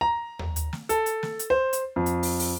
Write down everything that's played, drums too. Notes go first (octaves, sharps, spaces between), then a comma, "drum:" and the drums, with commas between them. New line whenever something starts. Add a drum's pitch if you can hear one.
A#5
drum: tom D#2
drum: hi-hat
drum: snare
A4, drum: hi-hat
drum: hi-hat
drum: snare
drum: hi-hat
C5
drum: hi-hat
F2
drum: hi-hat
drum: open hi-hat
drum: open hi-hat